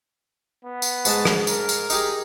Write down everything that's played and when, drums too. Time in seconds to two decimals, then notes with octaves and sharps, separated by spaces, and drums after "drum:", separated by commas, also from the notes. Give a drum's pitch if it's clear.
0.65 B3
0.82 drum: tambourine
1.05 G#2 G#3 A5, drum: tambourine
1.25 drum: rim click
1.47 A#4, drum: tambourine
1.69 drum: tambourine
1.90 D#4 G4 G#4, drum: tambourine